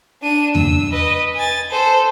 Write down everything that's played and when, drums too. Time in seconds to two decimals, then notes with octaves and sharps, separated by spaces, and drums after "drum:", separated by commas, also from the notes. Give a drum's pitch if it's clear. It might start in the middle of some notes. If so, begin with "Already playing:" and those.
0.22 D4 D#7
0.55 E6, drum: tom E2
0.92 B4 D#5
1.35 G#5 A6
1.70 A4 C5